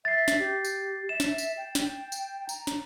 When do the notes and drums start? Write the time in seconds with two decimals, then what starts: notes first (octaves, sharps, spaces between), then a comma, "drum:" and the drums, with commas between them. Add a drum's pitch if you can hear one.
0.05 E5 A6 C7
0.28 drum: snare
0.39 G4
0.65 drum: tambourine
1.09 E5 E7
1.20 drum: snare
1.38 drum: tambourine
1.57 G5
1.75 drum: snare
2.12 drum: tambourine
2.49 A#5, drum: tambourine
2.67 drum: snare